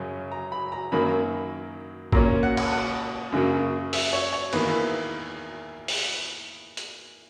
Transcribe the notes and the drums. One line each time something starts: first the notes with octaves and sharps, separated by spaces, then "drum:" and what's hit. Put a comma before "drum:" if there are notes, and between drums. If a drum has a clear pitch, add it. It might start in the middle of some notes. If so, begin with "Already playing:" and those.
Already playing: F#2 C#3 F#3 C#4
A#5
B5
A#5
F#2 D#3 F#3 A#3 B5
A#2 A#3 C#4 A#5, drum: kick
F#5
F#5, drum: cymbal
F#5
F#2 C#3 F#3 A#3
E5, drum: open hi-hat
C#5
C#5
E2 D#3 A#3 B4, drum: cymbal
E4
drum: open hi-hat
drum: hi-hat